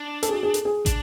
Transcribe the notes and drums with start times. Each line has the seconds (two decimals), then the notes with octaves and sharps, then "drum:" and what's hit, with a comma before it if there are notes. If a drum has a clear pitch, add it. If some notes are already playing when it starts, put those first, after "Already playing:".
Already playing: D4
0.23 A4, drum: hi-hat
0.29 G#4
0.33 F#4
0.43 G#4
0.54 A4, drum: hi-hat
0.65 G#4
0.86 D4, drum: kick, hi-hat